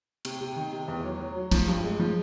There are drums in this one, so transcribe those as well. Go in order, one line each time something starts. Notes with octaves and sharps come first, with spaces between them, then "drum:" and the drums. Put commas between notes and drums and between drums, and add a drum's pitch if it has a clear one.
C3, drum: cymbal
C3
D#3
C3
E2
F#3
F#3
F#3
F3, drum: kick, cymbal
G2
G#3
F3